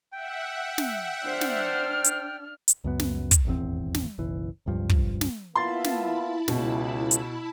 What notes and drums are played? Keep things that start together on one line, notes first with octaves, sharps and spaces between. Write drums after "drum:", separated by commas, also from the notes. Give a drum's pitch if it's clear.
E5 F#5 G5
drum: snare
D4 C5 F6
drum: snare
drum: hi-hat
drum: hi-hat
C#2 F#2 B3
drum: snare
drum: kick, hi-hat
D#1 G#1 E2 C4
drum: snare
F#1 B1 E3
E1 C#2 G2 F3
drum: kick
drum: snare
A#3 B3 E4 F4 A5 B5 C6 A6
drum: snare
C#2 B2, drum: snare
drum: hi-hat